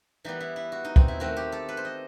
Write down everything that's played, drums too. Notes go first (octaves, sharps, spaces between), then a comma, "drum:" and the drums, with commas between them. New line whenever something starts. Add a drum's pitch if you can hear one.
E3 G3 B3 D#4
E4
E4
F#4
D#4
C4, drum: kick
E4
D#3 A3 C4 F#4
G4
A4
B4
C5
D#5